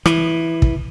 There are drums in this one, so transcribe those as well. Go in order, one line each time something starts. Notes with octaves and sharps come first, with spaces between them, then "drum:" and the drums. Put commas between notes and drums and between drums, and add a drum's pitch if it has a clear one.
E3, drum: rim click
drum: kick